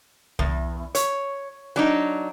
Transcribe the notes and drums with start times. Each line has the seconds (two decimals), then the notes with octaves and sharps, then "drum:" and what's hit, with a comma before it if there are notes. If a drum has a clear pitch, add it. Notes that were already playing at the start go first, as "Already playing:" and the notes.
0.39 E2, drum: kick C2
0.95 C#5, drum: hi-hat
1.76 F#3 D4 D#4